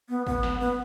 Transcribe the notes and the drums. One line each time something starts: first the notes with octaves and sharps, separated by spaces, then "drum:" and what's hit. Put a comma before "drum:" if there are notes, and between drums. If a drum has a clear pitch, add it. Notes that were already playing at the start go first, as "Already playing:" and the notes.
B3
B3, drum: kick
drum: snare
B3